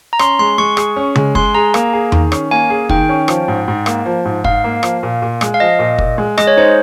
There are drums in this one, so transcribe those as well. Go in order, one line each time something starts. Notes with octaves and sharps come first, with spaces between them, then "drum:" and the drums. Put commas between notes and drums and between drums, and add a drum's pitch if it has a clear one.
A#5
C#4 C6, drum: rim click
G#3 C6
G#3 C#6
G#4, drum: rim click
C#4
G#3, drum: tom C#3
G#3 C6, drum: kick
G#4 A#5
A#3, drum: rim click
G#4
D#3, drum: tom E2
C#4, drum: rim click
A#3 G#5
G#4
D#3 G5, drum: kick
C#4
F3, drum: rim click
G#2
G#2
A#3, drum: rim click
F3
G#2
G#2 F5, drum: kick
A#3
F3, drum: rim click
A#2
A#2
G#3, drum: rim click
F5
F3 D#5
A#2
A#2, drum: kick
G#3
G#3 D#5, drum: rim click
C#5
D#4 C5